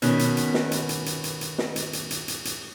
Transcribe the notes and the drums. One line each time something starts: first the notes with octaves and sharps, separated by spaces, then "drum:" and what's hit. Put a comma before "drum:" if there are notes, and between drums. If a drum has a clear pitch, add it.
B2 D#3 B3 C#4, drum: hi-hat
drum: hi-hat
drum: hi-hat
drum: snare
drum: hi-hat
drum: hi-hat
drum: hi-hat
drum: hi-hat
drum: hi-hat
drum: snare
drum: hi-hat
drum: hi-hat
drum: hi-hat
drum: hi-hat
drum: hi-hat